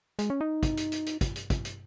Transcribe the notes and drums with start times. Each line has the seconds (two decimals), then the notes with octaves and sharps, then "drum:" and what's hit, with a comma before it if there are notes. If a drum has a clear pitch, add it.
0.19 G#3, drum: hi-hat
0.30 C#4
0.41 D#4
0.63 drum: kick, hi-hat
0.77 drum: hi-hat
0.92 drum: hi-hat
1.06 drum: hi-hat
1.21 drum: kick, hi-hat
1.36 drum: hi-hat
1.50 drum: kick, hi-hat
1.65 drum: hi-hat